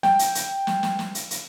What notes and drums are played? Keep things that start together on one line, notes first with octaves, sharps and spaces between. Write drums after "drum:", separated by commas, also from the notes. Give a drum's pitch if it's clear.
G5, drum: snare
drum: hi-hat
drum: hi-hat
drum: snare
drum: snare
drum: snare
drum: hi-hat
drum: hi-hat